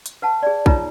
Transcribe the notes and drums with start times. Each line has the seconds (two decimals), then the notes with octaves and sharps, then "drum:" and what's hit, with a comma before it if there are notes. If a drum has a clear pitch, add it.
0.06 drum: hi-hat
0.22 B4 F#5 A5
0.43 G#4 D5
0.66 D#4 F4 B4 C#5 A#5, drum: kick